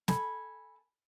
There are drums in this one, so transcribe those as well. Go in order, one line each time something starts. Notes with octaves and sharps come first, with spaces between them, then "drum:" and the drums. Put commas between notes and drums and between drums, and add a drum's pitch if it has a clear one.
A4 G#5 B5, drum: snare